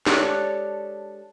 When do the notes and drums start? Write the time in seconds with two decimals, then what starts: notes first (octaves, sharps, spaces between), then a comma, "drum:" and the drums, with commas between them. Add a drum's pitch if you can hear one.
0.07 G#3 D4 G4 A4 C#5 D5, drum: snare